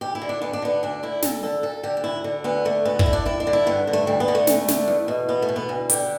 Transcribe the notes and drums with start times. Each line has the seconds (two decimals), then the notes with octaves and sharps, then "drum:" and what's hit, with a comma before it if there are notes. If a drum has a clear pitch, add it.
0.01 D2 G4
0.15 E4
0.22 D3
0.29 D4
0.42 D2 B3
0.53 D4
0.62 D3 B3
0.83 D2 D4
1.03 D3 E4
1.22 D2 A4, drum: snare
1.43 D3 A4
1.63 D2 A4
1.83 D3 G4
1.97 G4
2.04 D2 E4
2.24 D3
2.44 D2 B3
2.65 D3 A3
2.85 D2 B3
2.99 E4, drum: kick
3.06 D3
3.13 D4
3.25 G2 E4
3.40 D4
3.47 D3
3.53 E4
3.67 G2 B3
3.87 D3
3.93 A3
4.07 D2 G3
4.20 B3
4.28 D3
4.35 A3
4.47 D2, drum: snare
4.68 D3, drum: snare
4.88 E2
5.08 B2
5.29 E2 B3
5.42 A3
5.49 B2
5.56 B3
5.69 D2
5.90 D3 G4, drum: hi-hat